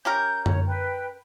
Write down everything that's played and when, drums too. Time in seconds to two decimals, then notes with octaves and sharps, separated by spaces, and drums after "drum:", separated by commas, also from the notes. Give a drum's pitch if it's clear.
0.05 C#4 G4 A#4 G6
0.46 C#5, drum: tom F#2
0.67 B4 G5